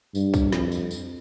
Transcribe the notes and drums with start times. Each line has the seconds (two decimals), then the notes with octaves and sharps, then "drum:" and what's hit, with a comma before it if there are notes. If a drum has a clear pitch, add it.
0.15 G2, drum: tambourine
0.34 drum: kick, tambourine
0.52 F2, drum: snare
0.72 drum: tambourine
0.91 drum: tambourine